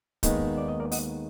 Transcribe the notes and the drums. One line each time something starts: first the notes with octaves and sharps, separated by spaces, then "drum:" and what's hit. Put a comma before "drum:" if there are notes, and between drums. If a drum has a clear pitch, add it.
D#2 D#3 G#3 B3 D#4, drum: kick, hi-hat
D5
D#5
A#4 D5
D#5 F#5, drum: open hi-hat